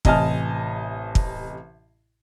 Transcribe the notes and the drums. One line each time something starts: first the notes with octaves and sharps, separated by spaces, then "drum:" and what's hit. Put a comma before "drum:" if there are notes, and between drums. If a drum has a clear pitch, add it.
A1 C3 D#5 G#5 A5 F6, drum: kick
drum: kick